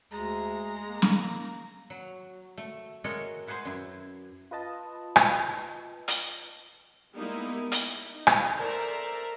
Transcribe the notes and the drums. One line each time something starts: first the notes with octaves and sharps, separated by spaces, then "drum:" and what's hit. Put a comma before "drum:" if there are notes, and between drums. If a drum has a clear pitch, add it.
D2 G#3 A#5
A#3
drum: snare
F#3
A3
G#3 F#4 A4 A#4 C#5 D#5
E4 F#4 G#4 B4 C5
F#2 E4
F4 B4 D#5 A5
drum: rim click
drum: hi-hat
G3 G#3 A#3 B3 D#4 E4
E4, drum: hi-hat
D#4
drum: rim click
A4 A#4 C5 D5 E5 A#5